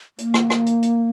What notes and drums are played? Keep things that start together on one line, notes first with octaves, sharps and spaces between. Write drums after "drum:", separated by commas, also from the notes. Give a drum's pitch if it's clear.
A#3, drum: hi-hat
drum: rim click
drum: rim click
drum: hi-hat
drum: hi-hat